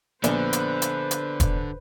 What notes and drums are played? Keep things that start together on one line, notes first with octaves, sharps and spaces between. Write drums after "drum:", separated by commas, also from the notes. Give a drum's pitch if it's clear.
A#1 D3 B3 D4 B4 C5, drum: hi-hat
drum: hi-hat
drum: hi-hat
drum: hi-hat
drum: kick E1, hi-hat